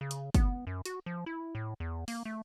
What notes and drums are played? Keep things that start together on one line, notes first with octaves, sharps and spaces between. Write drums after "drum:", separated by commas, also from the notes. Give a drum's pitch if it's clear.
C#3
drum: hi-hat
B3, drum: kick, hi-hat
F#2
F#4, drum: hi-hat
F3
E4
A2
E2
A#3, drum: open hi-hat
A3